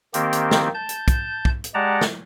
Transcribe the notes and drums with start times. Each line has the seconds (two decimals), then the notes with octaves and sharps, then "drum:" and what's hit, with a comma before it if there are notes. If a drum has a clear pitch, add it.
0.14 D#3 A#3 C4 G4, drum: hi-hat
0.33 drum: hi-hat
0.51 drum: snare
0.74 A5 G6
0.89 drum: hi-hat
1.08 drum: kick, hi-hat
1.45 drum: kick
1.64 drum: hi-hat
1.74 G#3 G4 D5 F#5 A5 A#5
2.01 drum: snare